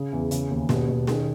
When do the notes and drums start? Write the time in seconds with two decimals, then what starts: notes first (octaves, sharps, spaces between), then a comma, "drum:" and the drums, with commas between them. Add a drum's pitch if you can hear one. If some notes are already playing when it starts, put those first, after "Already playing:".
Already playing: C#3 G#4
0.12 E2
0.31 C#3, drum: hi-hat
0.50 D#2
0.69 B2 G4, drum: snare
0.89 B2
1.07 D#3 G#4, drum: snare